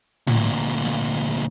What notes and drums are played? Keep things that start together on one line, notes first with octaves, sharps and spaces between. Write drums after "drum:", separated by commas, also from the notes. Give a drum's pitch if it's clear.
D2 A#2, drum: tom
drum: snare